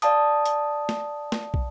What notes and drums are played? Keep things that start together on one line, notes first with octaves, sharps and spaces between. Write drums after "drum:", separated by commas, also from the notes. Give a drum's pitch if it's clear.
D5 F5 A5 D#6, drum: hi-hat
drum: hi-hat
drum: snare
drum: snare
drum: kick